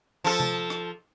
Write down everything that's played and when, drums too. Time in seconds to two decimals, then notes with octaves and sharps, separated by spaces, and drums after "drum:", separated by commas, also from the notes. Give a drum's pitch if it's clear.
0.24 F3 A4
0.40 drum: tom C3
0.70 drum: rim click